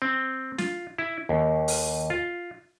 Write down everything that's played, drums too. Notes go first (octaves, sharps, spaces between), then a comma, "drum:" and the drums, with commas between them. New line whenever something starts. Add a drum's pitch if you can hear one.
C4
F4, drum: snare
E4
D#2
drum: open hi-hat
F4